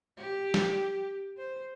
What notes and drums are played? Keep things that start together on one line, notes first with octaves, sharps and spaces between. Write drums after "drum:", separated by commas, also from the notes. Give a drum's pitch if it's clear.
G4
drum: snare
C5